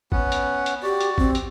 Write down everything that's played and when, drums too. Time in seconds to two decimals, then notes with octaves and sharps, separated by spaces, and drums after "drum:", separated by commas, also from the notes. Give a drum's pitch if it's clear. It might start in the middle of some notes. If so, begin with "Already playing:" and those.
0.12 B3 C#4 F#5, drum: kick A1
0.32 drum: hi-hat
0.66 drum: hi-hat
0.83 F#4 G4 D5
1.01 drum: hi-hat
1.18 C4, drum: kick A1
1.35 drum: hi-hat